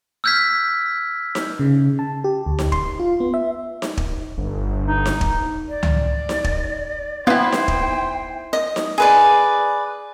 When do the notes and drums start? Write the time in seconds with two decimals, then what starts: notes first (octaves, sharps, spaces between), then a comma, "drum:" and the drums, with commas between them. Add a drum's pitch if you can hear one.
0.24 E6 F6 G6 G#6 B6
1.35 drum: snare D#4
1.59 C#3
1.99 A5
2.24 G4
2.46 D2
2.59 drum: snare D#4
2.72 C6, drum: kick
3.00 F4
3.20 B3
3.34 E5
3.82 drum: snare D#4
3.97 drum: kick
4.38 G1
4.86 D#4
5.06 drum: snare D#4
5.21 drum: kick
5.69 D5
5.83 drum: tom C#2
6.29 drum: snare D#4
6.44 drum: kick
7.27 B3 E4 F4 C5 G5
7.52 drum: snare D#4
7.68 drum: kick
8.53 D#5
8.76 drum: snare D#4
8.98 G#4 B4 D5